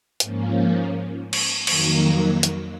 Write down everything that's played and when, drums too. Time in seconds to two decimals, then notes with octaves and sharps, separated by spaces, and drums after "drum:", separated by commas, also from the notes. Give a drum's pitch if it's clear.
0.20 G#2 F3 A#3 C#4, drum: hi-hat
1.33 drum: cymbal
1.67 F2 D#3 F#3 A#3, drum: cymbal
2.43 drum: hi-hat